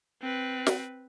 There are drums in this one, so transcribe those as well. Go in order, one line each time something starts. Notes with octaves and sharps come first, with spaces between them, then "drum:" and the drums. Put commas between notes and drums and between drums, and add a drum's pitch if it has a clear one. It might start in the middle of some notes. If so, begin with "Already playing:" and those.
C4 B4
drum: snare